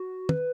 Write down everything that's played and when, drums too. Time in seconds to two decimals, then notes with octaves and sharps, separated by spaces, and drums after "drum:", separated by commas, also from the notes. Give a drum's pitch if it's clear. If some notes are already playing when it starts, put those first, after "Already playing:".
Already playing: F#4
0.29 B4, drum: tom